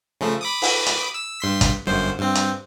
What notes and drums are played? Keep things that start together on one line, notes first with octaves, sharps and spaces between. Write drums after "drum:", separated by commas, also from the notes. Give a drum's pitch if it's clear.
C#3 F3 A3
B5 D6 D#6
drum: open hi-hat
drum: hi-hat
E6
G2 C6 B6
drum: kick, hi-hat
G1 F#2 C5
G2 C4
drum: hi-hat